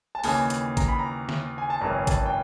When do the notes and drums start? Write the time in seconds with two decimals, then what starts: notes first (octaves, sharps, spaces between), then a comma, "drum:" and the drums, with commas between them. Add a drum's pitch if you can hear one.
0.15 A5
0.24 D#2 C#3 E3 G#5, drum: open hi-hat
0.50 drum: hi-hat
0.77 A#5, drum: kick, hi-hat
0.88 B5
0.99 A#5
1.29 drum: snare
1.58 G#5
1.70 A5
1.81 G#1 F#2 C#3 E3 A#5
2.07 A5, drum: kick, hi-hat
2.26 G5